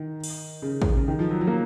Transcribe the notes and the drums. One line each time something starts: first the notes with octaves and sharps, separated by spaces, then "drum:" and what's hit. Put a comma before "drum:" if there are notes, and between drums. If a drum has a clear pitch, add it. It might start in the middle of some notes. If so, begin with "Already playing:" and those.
Already playing: D#3
drum: cymbal
C#3
drum: kick A1
C#3
D#3
F3
F#3
F#3
A#3